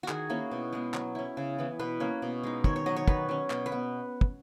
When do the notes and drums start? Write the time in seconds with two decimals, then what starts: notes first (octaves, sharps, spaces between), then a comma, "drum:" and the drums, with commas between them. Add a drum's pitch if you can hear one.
0.03 F#4
0.08 D#3 G#4, drum: clap
0.30 A#3 C#4 E4
0.51 B2
0.73 G#3 B3
0.94 F#3, drum: clap
1.15 C#4 E4
1.37 C#3
1.58 E3 B3
1.79 B2 B4
2.00 A#3 C#4
2.22 B2
2.43 G#3 D#4
2.64 D#3 C#5, drum: kick
2.76 C#5
2.86 F#3 B3 D#5
2.96 C#5
3.08 D#3 B4, drum: kick
3.29 F#3 C#4
3.50 B2, drum: clap
3.66 B4
3.72 B3
4.21 drum: kick